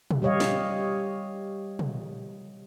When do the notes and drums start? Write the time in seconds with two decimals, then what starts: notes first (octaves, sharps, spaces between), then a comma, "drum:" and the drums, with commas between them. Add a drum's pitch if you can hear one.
0.11 drum: tom
0.22 G3 G4 C#5 D#5 F5
0.40 drum: snare
1.79 drum: tom